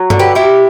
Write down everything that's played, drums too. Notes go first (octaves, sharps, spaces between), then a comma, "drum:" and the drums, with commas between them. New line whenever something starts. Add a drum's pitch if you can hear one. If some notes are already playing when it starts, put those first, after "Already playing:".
Already playing: F#3
D3, drum: tom G2
G4 B4
G3 E4 G4